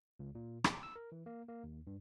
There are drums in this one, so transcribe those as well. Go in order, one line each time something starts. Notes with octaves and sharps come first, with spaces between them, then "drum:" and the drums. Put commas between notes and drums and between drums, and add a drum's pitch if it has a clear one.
C#2
A#2
D6, drum: rim click
E6
A#4
E3
A#3
A#3
D#2
G2